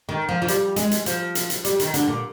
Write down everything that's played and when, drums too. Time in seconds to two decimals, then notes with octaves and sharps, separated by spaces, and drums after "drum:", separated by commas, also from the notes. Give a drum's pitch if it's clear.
0.09 D#3
0.29 F3
0.42 F3
0.48 G3, drum: hi-hat
0.76 G#3, drum: hi-hat
0.91 drum: hi-hat
1.06 F3, drum: hi-hat
1.35 drum: hi-hat
1.50 drum: hi-hat
1.65 G3, drum: hi-hat
1.80 D#3, drum: hi-hat
1.94 D3, drum: hi-hat
2.08 A#2